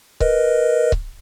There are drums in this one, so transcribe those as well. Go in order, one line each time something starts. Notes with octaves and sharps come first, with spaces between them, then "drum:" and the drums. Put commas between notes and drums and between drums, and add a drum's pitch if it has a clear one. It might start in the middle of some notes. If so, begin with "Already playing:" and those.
A#4 B4 D#5, drum: kick C#1
drum: kick C#1